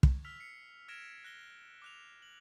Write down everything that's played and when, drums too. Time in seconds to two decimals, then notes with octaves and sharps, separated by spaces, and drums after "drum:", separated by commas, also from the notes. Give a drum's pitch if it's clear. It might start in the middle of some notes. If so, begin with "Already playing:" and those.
0.03 drum: kick
0.24 E6 F6 B6 F7
0.40 C7 C#7
0.88 F6 G#6 A#6 D7 E7 F7
1.24 F#6 A#6 G7
1.82 D6 F#6 F7
2.22 F#7